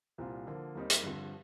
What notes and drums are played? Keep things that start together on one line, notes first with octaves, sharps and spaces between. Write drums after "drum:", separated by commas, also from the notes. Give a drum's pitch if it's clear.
C2 A#2 G3 C4 F4
D3 F3 A#3
D#2 D#3 G3 C4 D#4
drum: hi-hat
G2 D3 F3 C4